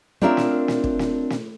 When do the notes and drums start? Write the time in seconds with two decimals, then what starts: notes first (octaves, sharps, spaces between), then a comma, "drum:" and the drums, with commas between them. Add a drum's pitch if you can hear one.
0.22 C4 D4 F4 A#4 C#5 E5
0.37 drum: snare
0.68 drum: snare
0.84 drum: kick
0.99 drum: snare
1.30 drum: snare